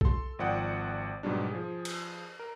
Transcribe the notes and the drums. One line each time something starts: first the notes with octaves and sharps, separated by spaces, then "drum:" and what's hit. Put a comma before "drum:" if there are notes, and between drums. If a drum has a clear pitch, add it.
A4 C6, drum: kick B1
G#1 F3 D5 F#5 G5 D#6
G#2 B2 F#3 G3 D4
F3 G#4
drum: cymbal
A#4